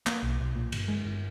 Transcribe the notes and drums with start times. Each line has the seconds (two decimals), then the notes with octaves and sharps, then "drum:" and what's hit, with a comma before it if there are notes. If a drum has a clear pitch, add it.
0.06 A#3, drum: clap
0.23 B1
0.40 B1
0.56 A#2
0.72 G1, drum: cymbal
0.88 G#3
1.05 G1